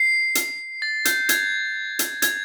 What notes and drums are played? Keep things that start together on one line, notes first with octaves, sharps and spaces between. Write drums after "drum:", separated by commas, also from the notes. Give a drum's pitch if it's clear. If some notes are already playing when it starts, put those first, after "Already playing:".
Already playing: C7
drum: hi-hat
A6
G6, drum: hi-hat
G#6, drum: hi-hat
drum: hi-hat
G#6, drum: hi-hat